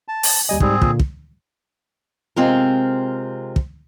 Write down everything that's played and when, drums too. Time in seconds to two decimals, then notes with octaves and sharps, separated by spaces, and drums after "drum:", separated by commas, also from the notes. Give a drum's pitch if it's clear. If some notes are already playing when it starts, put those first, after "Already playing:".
0.08 A5
0.23 drum: open hi-hat
0.49 D#2 G3 D#5 G#5
0.60 G#2 G3 C4 G#4, drum: kick
0.82 A#2 D3, drum: kick
0.99 drum: kick
2.36 C3 G#3 C4 F4 A#4
3.56 drum: kick